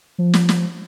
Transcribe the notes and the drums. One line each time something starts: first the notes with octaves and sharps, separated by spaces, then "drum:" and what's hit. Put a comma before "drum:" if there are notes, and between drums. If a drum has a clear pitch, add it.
F3
drum: snare
drum: snare